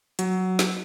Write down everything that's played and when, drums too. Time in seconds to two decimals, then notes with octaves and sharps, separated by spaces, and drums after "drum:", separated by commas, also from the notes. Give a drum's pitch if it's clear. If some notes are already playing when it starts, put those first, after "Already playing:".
0.19 F#3, drum: hi-hat
0.59 drum: snare